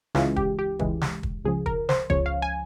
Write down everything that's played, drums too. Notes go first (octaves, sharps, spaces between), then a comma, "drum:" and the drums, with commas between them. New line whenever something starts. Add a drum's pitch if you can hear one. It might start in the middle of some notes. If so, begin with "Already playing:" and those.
C#2 C#3 E3 G#3 F4, drum: snare
G4, drum: kick
G4
C#2 C#3 E3 G#3, drum: kick
drum: snare
drum: kick
C#2 C#3 F3 G#4
A#4, drum: kick
C5, drum: snare
C#2 C#3 F3 C#5, drum: kick
F5
G#5